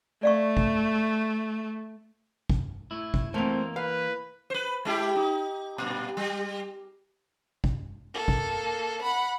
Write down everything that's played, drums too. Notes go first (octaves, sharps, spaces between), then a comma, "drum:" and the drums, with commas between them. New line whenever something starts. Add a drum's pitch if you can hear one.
A3 D5 F5 C#6
drum: kick G#1
drum: kick G#1
A2 E4
drum: kick G#1
E3 A3 A#3 C4 A#4 C5
B4 F5
B4 C5
G#3 E4 G4
D#4
G2 A#2
G3
drum: kick G#1
A#3 A4
drum: kick G#1
F#5 B5